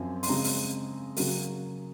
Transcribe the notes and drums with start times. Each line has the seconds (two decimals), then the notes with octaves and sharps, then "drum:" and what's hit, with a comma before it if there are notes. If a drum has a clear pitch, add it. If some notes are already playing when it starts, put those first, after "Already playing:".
Already playing: F#2 F3 C4 G#5
0.23 C6, drum: open hi-hat
0.28 C#3 G#3 C4 A#5
0.44 drum: open hi-hat
1.17 C#3 F#3 A#3, drum: open hi-hat